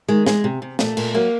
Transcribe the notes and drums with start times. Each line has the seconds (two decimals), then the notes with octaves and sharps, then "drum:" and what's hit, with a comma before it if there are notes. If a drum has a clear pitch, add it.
0.08 D#3 G#3
0.26 G#3, drum: snare
0.44 C3
0.62 C3
0.79 A#2 A3, drum: snare
0.97 A#2, drum: cymbal
1.14 F#3 A#3